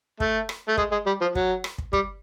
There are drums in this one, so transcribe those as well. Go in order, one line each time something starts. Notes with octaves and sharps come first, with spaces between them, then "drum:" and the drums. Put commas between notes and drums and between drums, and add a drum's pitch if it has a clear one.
A3, drum: kick
drum: rim click
A3
G#3, drum: kick
G#3
G3
F3
F#3, drum: kick
drum: rim click
drum: kick
G3, drum: kick